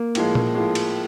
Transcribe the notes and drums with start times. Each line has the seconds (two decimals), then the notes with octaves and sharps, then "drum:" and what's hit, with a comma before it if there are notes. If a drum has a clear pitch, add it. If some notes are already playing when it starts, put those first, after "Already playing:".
Already playing: A#3
0.15 A2 F3 G#3, drum: cymbal
0.35 drum: tom A#2
0.55 A2 F3 G#3
0.75 drum: cymbal